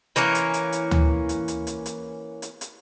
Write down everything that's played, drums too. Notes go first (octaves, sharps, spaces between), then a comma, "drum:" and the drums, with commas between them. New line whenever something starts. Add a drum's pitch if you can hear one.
E3 A#3 C#4 A#4, drum: hi-hat
drum: hi-hat
drum: hi-hat
drum: hi-hat
drum: tom D2
drum: hi-hat
drum: hi-hat
drum: hi-hat
drum: hi-hat
drum: hi-hat
drum: hi-hat